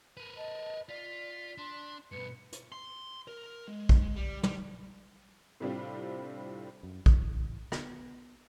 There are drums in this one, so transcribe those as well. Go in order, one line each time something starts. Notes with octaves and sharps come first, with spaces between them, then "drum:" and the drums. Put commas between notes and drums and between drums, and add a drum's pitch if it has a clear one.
A#4 B4 D#7
D#5 A5
F4 D5 F5 B6
D4 C6
G2 B2 B4 C#7
drum: hi-hat
C6
A#4
G#3
drum: kick A#1
G3
G3, drum: tom
A2 C3 G3 C4 D4 F4
F#2
A1, drum: kick A#1
B3, drum: rim click